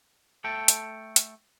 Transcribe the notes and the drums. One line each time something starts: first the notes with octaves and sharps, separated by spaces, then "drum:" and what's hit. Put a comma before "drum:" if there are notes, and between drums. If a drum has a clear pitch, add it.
A3 A4 G5
drum: hi-hat
drum: hi-hat